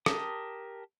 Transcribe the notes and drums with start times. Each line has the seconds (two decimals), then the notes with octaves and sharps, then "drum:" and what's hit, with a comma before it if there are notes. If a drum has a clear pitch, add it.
0.06 G4 A#4 A5 D#6, drum: rim click